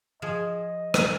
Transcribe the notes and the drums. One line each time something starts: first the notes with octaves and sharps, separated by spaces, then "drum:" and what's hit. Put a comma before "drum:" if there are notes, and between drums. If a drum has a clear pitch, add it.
F3 G#4 D#5
drum: rim click